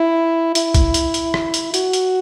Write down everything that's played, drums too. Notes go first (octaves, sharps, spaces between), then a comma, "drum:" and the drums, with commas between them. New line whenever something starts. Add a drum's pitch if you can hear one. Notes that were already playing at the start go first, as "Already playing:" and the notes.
Already playing: E4
E4, drum: hi-hat
drum: kick, hi-hat
drum: hi-hat
drum: hi-hat
drum: rim click
drum: hi-hat
F#4, drum: hi-hat
drum: hi-hat